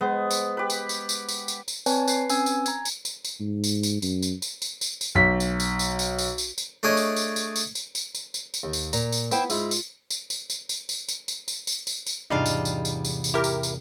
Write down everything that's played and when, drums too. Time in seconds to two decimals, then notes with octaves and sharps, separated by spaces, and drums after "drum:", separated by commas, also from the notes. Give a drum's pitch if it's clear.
0.01 G#3 B3 C5
0.31 drum: tambourine
0.57 G4 B4
0.70 drum: tambourine
0.89 drum: tambourine
1.09 drum: tambourine
1.29 drum: tambourine
1.48 drum: tambourine
1.68 drum: tambourine
1.86 C4 B4 C#5 D5 G#5 A5, drum: tambourine
2.08 B4 C7, drum: tambourine
2.29 C4 C#4 B4 G#5 E6 G#6, drum: tambourine
2.46 drum: tambourine
2.66 G#5 A#5 G#6, drum: tambourine
2.85 drum: tambourine
3.05 drum: tambourine
3.25 drum: tambourine
3.40 G#2
3.64 drum: tambourine
3.83 drum: tambourine
4.02 F#2, drum: tambourine
4.23 drum: tambourine
4.42 drum: tambourine
4.62 drum: tambourine
4.81 drum: tambourine
5.01 drum: tambourine
5.15 B1 B6
5.40 drum: tambourine
5.60 drum: tambourine
5.79 drum: tambourine
5.99 drum: tambourine
6.18 drum: tambourine
6.38 drum: tambourine
6.58 drum: tambourine
6.83 A3 D4 G#4 C#5 D#5
6.97 drum: tambourine
7.16 drum: tambourine
7.36 drum: tambourine
7.56 drum: tambourine
7.75 drum: tambourine
7.95 drum: tambourine
8.14 drum: tambourine
8.34 drum: tambourine
8.54 drum: tambourine
8.63 D#2
8.73 drum: tambourine
8.93 A#2 A#5, drum: tambourine
9.12 drum: tambourine
9.31 B3 E4 C5 G5, drum: tambourine
9.50 G#2 E4 F4, drum: tambourine
9.71 drum: tambourine
10.10 drum: tambourine
10.30 drum: tambourine
10.50 drum: tambourine
10.69 drum: tambourine
10.89 drum: tambourine
11.08 drum: tambourine
11.28 drum: tambourine
11.48 drum: tambourine
11.67 drum: tambourine
11.87 drum: tambourine
12.06 drum: tambourine
12.30 E2 G#2 C3 G3 D4 D#4 F4 F5
12.46 drum: tambourine
12.65 drum: tambourine
12.85 drum: tambourine
13.04 drum: tambourine
13.24 drum: tambourine
13.34 E4 G4 A#4
13.44 drum: tambourine
13.63 drum: tambourine